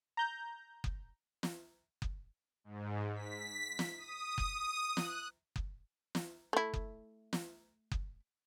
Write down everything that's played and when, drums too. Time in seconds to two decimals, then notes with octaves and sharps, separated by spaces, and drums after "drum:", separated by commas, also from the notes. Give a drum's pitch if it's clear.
0.17 A#5 G6
0.84 drum: kick F#1
1.43 drum: snare
2.02 drum: kick F#1
2.64 G#2
3.15 B6
3.79 drum: snare
3.98 D#6
4.38 drum: kick F#1
4.58 D#6
4.97 F#6, drum: snare
5.56 drum: kick F#1
6.15 drum: snare
6.53 A3 E4
6.74 drum: kick F#1
7.33 drum: snare
7.92 drum: kick F#1